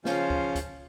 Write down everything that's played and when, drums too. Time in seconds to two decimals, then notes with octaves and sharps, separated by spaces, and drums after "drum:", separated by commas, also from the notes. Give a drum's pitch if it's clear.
0.05 C#3 F3 C#4 F4 C5, drum: snare
0.30 drum: kick
0.55 drum: kick, hi-hat